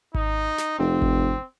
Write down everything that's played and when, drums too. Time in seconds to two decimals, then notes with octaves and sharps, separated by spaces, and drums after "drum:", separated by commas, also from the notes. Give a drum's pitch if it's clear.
0.15 D#4, drum: kick G#1
0.58 drum: snare
0.78 F1 C4
1.02 drum: kick G#1